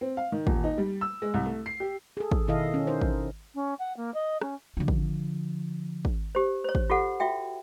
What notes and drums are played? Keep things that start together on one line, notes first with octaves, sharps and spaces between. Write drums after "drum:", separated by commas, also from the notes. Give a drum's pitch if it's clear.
C4
F5
D#3
D#1, drum: kick
D#4
G3
E6
G#3
C2
A3
C7
G4
G#4 A4
drum: kick
B2 D#3 E4 A4 D#5 F5
C#4
D#4 A#4 C5
drum: kick
C#4
F#5
A#3
D#5
C#4, drum: rim click
D3 F3
drum: kick
drum: kick
G4 C5
C5 C#5
drum: kick
F4 G4 A4 F#5
F4 F#4 E5 G5